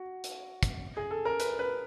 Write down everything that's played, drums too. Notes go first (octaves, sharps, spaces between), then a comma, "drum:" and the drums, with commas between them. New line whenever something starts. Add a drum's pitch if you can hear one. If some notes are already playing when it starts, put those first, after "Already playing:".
Already playing: F#4
drum: hi-hat
drum: kick, hi-hat
G#4
A4
A#4
B4, drum: hi-hat
B4